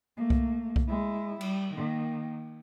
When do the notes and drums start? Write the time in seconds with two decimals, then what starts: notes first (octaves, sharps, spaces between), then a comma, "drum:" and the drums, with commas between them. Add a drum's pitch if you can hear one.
0.17 A3 A#3
0.30 drum: kick C2
0.76 drum: kick C2
0.88 G#3 E4
1.41 G3, drum: cymbal
1.74 D#3 A#3